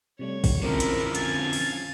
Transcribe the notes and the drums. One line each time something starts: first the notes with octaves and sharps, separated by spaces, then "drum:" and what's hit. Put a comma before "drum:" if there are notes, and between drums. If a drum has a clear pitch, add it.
C3 G3 A3 C#5
drum: kick, open hi-hat
F2 D3 F3 G#3 C4 C#4 E4 A#4
drum: hi-hat
F5 G#5 A6, drum: hi-hat
drum: open hi-hat